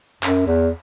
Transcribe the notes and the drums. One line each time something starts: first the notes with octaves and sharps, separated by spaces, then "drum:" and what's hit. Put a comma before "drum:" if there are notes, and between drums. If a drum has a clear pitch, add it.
F#2, drum: clap
E2